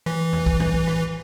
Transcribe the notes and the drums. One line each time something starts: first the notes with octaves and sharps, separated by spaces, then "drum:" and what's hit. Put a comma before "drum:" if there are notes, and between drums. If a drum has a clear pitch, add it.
E3, drum: rim click
drum: tom E2
drum: kick
drum: tom A2
drum: rim click